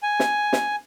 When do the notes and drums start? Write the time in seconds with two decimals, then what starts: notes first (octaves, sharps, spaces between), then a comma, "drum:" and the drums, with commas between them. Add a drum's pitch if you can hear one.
0.03 G#5
0.20 drum: snare
0.53 drum: snare